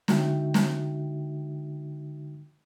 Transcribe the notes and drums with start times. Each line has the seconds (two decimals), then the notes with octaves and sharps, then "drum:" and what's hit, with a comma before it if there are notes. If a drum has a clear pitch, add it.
0.08 D3 G#3 D#4 F#4 E5 G5, drum: snare
0.54 drum: snare